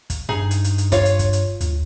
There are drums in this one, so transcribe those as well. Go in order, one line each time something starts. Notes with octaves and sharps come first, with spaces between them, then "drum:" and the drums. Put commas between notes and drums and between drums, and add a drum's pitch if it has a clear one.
drum: kick, hi-hat
G2 D#4 G#4
drum: hi-hat
drum: hi-hat
drum: hi-hat
F4 C#5 F5, drum: kick, hi-hat
drum: hi-hat
drum: kick, hi-hat
drum: hi-hat
D2, drum: hi-hat